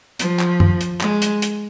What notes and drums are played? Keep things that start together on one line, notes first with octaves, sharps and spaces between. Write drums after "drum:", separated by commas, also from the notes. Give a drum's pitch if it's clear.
F3, drum: hi-hat
drum: clap
drum: tom F#2
drum: hi-hat
G#3, drum: clap
drum: hi-hat
drum: hi-hat